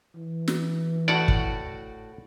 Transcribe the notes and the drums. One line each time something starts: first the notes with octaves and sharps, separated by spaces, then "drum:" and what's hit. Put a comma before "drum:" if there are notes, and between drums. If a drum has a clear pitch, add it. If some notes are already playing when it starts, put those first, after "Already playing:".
E3
drum: snare
A2 F#4 D5 F#5
drum: kick